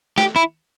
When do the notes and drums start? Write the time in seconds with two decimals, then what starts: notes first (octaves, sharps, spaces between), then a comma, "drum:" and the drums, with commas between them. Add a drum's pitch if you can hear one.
0.18 G4, drum: snare
0.36 E4